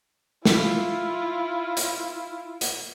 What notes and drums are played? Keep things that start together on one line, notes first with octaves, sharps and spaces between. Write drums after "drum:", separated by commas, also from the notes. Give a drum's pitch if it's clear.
E4 F4, drum: snare
drum: hi-hat
drum: hi-hat